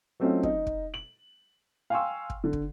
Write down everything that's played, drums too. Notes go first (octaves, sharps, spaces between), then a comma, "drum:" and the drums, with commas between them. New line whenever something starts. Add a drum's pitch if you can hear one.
F#3 A3 C4 C#4 D#4 F4
D#4, drum: kick
drum: kick
F#7
F5 G5 G#5 C6 C#6 E6
drum: kick
D3
drum: kick